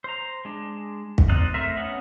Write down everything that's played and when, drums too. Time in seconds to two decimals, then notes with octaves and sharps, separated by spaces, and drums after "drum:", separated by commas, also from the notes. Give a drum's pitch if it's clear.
0.04 C5 A#5
0.45 G#3 D4
1.18 drum: kick
1.29 C4 D#4 D5 F#6
1.54 A3 C4 A#4 C5 E5
1.77 B3 C#4 D#5 F#5